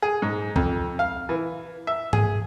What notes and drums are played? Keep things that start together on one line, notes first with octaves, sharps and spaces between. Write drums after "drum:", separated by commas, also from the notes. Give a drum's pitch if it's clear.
G#4
G#2
F2, drum: kick C2
F5
E3
E5
G#4, drum: tom G#2